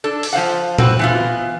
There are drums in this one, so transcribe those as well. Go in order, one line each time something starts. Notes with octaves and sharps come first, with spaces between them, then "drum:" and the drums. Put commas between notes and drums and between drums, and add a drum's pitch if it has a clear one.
D4 A4
drum: open hi-hat
F3 C5 F5 F#5
C4 F#4 B4, drum: tom A#2
E3 B3 F4